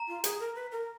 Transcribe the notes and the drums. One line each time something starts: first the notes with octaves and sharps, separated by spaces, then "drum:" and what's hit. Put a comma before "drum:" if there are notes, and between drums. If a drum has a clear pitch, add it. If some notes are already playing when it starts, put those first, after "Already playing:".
Already playing: A#5
F4
G#4, drum: hi-hat
A#4
B4
A#4